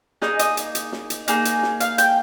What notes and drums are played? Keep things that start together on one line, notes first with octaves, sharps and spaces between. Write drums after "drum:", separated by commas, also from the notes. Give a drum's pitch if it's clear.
A#3 D#4 G#4 D#5, drum: snare
D#5, drum: hi-hat
drum: hi-hat
drum: hi-hat
drum: snare
drum: hi-hat
A#3 D#4 G#4, drum: hi-hat
drum: hi-hat
drum: snare
F5, drum: hi-hat
G5, drum: hi-hat